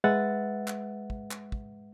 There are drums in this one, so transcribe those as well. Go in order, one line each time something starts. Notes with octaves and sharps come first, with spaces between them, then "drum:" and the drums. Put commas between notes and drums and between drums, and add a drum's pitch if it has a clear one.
G#3 B4 E5 F#5 A6
drum: clap
drum: kick
drum: clap
drum: kick